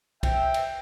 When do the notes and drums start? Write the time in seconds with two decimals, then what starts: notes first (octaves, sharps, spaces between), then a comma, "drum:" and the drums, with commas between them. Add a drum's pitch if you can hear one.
0.23 E5 G5, drum: kick B1, cymbal
0.54 drum: cymbal